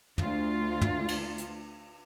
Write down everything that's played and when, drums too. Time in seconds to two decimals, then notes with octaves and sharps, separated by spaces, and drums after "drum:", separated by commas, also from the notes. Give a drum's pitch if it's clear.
0.18 D2 F4, drum: tom
0.81 drum: tom
1.08 drum: cymbal
1.38 drum: hi-hat